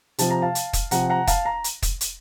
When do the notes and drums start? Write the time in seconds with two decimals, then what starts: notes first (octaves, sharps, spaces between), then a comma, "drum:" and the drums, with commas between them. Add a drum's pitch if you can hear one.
0.18 C3 F3 A5, drum: hi-hat
0.30 A#5
0.42 F5 A5
0.55 drum: hi-hat
0.73 drum: kick, hi-hat
0.91 C3 F3 F#5 A#5, drum: hi-hat
1.10 F#5 A#5
1.27 F5 A5, drum: kick, hi-hat
1.45 A#5
1.64 drum: hi-hat
1.82 drum: kick, hi-hat
2.01 drum: hi-hat